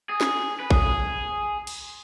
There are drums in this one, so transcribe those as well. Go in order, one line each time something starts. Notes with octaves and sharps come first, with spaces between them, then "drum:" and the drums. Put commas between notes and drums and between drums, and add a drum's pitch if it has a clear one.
G#4
drum: snare
B4
G#4, drum: kick A1
drum: cymbal